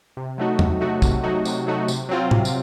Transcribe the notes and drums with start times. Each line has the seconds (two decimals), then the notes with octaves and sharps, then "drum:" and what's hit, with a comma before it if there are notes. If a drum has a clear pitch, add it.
0.17 C3
0.38 F#3 A3 D#4 F#4
0.59 C3, drum: tom E2
0.81 F#3 A3 D#4 F#4
1.02 C3, drum: kick, tambourine
1.23 F#3 A3 D#4 F#4
1.45 C3, drum: tambourine
1.67 F#3 A3 D#4 F#4
1.88 C3, drum: tambourine
2.09 F#3 C4 F4
2.31 C3, drum: tom
2.45 drum: tambourine